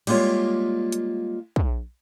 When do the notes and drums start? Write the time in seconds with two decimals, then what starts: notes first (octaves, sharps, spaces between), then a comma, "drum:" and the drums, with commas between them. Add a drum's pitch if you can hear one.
0.07 G3 G#3 A#3 F4 C#5, drum: cymbal
0.92 drum: hi-hat
1.56 drum: kick